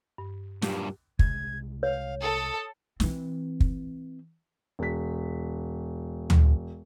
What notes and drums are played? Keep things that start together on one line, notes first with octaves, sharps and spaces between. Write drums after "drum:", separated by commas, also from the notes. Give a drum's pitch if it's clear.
G2
G2 A#2 F#3 G4, drum: snare
C2 G#3 G#6, drum: kick
C#5 F5
A4 D#6
E3 C4, drum: snare
drum: kick
E1 B6
drum: tom D2